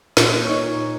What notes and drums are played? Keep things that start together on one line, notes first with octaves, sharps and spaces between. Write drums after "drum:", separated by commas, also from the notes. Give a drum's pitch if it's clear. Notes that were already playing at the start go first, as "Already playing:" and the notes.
A#2, drum: snare
D#4 C#5